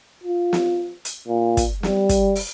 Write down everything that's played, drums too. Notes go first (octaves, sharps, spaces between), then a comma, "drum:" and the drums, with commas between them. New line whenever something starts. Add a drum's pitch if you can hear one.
F4
drum: snare
drum: hi-hat
A#2
drum: kick, hi-hat
G3, drum: snare
drum: kick, hi-hat
drum: open hi-hat